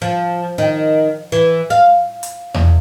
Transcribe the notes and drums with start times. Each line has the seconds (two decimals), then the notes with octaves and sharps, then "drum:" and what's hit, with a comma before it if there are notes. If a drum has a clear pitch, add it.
0.02 F3
0.58 D#3
1.32 E3
1.70 F5
2.23 drum: hi-hat
2.54 E2, drum: tom E2